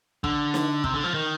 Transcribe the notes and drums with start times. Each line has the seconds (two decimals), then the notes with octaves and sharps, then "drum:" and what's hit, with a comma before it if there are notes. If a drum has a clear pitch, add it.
0.24 D3, drum: kick
0.54 drum: snare
0.84 C3, drum: kick
0.94 D3
1.04 F3
1.14 D#3